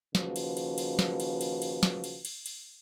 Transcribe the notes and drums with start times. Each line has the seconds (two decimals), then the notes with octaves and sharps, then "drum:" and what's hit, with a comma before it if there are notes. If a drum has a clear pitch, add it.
0.15 D#2 C#3 F3 F#4 B4, drum: snare
0.36 drum: cymbal
0.57 drum: cymbal
0.78 drum: cymbal
0.99 drum: snare
1.20 drum: cymbal
1.41 drum: cymbal
1.62 drum: cymbal
1.83 drum: snare
2.04 drum: cymbal
2.25 drum: cymbal
2.46 drum: cymbal